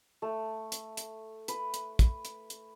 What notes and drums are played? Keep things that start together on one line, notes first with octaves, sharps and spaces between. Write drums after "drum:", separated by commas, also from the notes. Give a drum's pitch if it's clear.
A3
drum: hi-hat
drum: hi-hat
B4, drum: hi-hat
drum: hi-hat
drum: kick, hi-hat
drum: hi-hat
drum: hi-hat